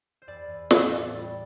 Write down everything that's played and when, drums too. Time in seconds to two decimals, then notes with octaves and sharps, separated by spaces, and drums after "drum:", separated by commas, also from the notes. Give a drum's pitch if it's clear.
0.22 C5
0.27 E2 D5
0.49 E2
0.71 A2 E5, drum: snare
0.92 A2 D5
1.14 G3 D5